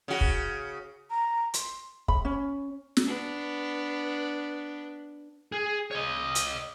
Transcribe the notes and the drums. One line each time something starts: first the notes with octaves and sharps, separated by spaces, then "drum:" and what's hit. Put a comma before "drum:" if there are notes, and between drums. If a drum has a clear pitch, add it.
C#3 F#4
drum: kick
A#5
C6, drum: hi-hat
B5, drum: kick
C#4
drum: snare
B3 D4
G#4
C#5 D#5
drum: hi-hat